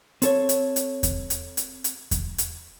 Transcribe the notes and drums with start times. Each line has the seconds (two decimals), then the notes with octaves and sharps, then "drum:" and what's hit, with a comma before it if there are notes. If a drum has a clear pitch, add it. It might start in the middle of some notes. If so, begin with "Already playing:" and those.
0.22 C4 A4 C#5, drum: hi-hat
0.49 drum: hi-hat
0.76 drum: hi-hat
1.03 drum: kick E2, hi-hat
1.30 drum: hi-hat
1.57 drum: hi-hat
1.84 drum: hi-hat
2.11 drum: kick E2, hi-hat
2.38 drum: hi-hat